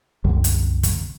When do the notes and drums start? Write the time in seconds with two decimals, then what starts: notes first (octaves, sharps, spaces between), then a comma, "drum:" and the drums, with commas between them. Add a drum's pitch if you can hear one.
0.24 C2 F#2 D3 G3
0.44 drum: hi-hat
0.83 drum: kick, hi-hat